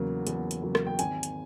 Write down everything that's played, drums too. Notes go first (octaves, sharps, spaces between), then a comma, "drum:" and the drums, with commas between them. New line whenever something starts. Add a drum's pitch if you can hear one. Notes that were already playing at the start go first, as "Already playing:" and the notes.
Already playing: E2 C#3 F#3 A#3
E2, drum: hi-hat
drum: hi-hat
C#3 F#3 A#3
drum: rim click
G5
G#1 G#5, drum: hi-hat
drum: hi-hat